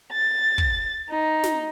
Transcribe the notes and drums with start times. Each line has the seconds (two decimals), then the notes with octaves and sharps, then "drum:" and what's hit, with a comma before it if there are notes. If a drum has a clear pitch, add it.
0.13 A6
0.58 drum: kick
1.09 D#4
1.43 drum: snare